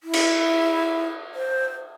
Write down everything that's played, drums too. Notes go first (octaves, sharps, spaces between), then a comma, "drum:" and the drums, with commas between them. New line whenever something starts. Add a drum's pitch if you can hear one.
E4
drum: cymbal
C5